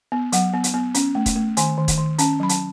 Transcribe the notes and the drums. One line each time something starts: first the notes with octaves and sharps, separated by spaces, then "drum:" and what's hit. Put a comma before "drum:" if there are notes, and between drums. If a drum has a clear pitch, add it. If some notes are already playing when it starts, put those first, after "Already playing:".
B3
F#3 F#5, drum: hi-hat
B3
drum: hi-hat
B3
C#4, drum: hi-hat
A3
drum: kick E1, hi-hat
A3
D#3 G#5, drum: hi-hat
D#3
drum: kick E1, hi-hat
D#3
C#4 A5, drum: hi-hat
F#3 B5
A5, drum: hi-hat